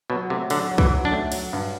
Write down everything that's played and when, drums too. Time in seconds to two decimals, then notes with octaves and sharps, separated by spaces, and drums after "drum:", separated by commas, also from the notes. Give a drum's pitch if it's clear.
0.10 B2 F#3
0.30 C3 A3
0.50 D3 F#3, drum: cymbal
0.71 F#3
0.78 E3, drum: kick
0.91 F#3
1.05 D4
1.11 A3
1.32 F#3, drum: cymbal
1.53 G2